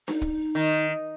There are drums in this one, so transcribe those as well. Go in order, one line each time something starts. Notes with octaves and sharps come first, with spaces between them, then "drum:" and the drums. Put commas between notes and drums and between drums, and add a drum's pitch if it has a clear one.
D#4, drum: snare D4
drum: kick
D#3